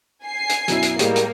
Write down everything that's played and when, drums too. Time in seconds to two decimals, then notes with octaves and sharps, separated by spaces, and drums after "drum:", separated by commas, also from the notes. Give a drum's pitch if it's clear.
0.24 G#5 C7
0.49 drum: hi-hat
0.68 F#2 B2 E4, drum: hi-hat
0.82 drum: hi-hat
0.99 A2 G3 G#3 A#3, drum: hi-hat
1.16 drum: hi-hat